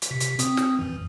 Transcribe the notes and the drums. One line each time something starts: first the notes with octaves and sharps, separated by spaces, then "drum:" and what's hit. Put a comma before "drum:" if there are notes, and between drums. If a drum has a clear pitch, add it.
drum: hi-hat
C3 B6
drum: hi-hat
C4 D#6, drum: hi-hat
drum: snare
F#2 E3